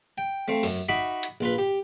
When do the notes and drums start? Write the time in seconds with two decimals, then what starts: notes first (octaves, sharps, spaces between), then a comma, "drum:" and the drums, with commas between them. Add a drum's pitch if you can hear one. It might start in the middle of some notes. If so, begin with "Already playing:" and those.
0.18 G5
0.48 A3 C4 F5
0.63 F#2, drum: open hi-hat
0.89 D#4 F#4 E5 B5 D6
1.23 drum: hi-hat
1.41 A#1 F4 B4
1.58 G4